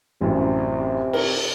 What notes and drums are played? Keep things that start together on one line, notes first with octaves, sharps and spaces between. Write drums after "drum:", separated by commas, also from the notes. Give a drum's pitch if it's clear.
A1 F#2 C3
A#4, drum: cymbal